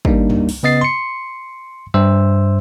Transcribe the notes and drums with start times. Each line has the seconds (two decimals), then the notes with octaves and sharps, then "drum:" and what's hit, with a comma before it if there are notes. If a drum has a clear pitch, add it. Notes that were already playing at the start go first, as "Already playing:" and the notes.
0.05 G3 A#3 D4 D#4, drum: kick
0.30 drum: tom
0.49 drum: open hi-hat
0.63 C#3 B3 D#5 A6 C7
0.81 C6 C#7
1.94 G2 C5 E5 E6